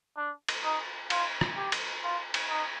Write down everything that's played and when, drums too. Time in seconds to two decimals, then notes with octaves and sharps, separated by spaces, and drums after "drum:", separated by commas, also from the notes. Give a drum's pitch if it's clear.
0.17 D4
0.48 drum: cymbal
0.64 D#4
1.10 F4, drum: cymbal
1.41 drum: rim click
1.57 G4
1.72 drum: cymbal
2.04 F4
2.34 drum: cymbal
2.50 D#4